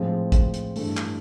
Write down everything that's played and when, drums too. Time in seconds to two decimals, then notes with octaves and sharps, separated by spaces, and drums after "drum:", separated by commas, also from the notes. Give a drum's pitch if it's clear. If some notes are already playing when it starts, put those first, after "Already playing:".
Already playing: A2 F3 G#3 C4 F4
0.32 drum: kick, hi-hat
0.54 drum: hi-hat
0.76 G2 E3 A3, drum: open hi-hat
0.97 drum: clap